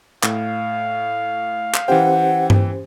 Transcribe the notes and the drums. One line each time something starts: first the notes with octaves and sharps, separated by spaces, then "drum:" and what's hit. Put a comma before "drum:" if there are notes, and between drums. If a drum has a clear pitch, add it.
A2 F5, drum: clap
drum: clap
E3 C#4 G4 C5 F#5 G5
drum: tom G2